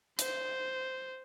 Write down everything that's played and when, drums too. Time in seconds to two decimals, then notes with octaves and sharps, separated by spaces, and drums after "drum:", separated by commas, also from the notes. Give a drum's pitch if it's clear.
0.19 C5, drum: hi-hat